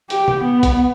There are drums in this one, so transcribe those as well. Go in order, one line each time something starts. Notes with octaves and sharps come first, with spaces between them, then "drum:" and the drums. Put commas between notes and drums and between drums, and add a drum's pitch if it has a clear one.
G4, drum: hi-hat
drum: tom
B3
drum: kick, hi-hat